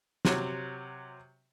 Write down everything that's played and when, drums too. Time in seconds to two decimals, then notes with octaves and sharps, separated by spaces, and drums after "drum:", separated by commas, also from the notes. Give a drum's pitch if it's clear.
0.25 C3 F#3, drum: snare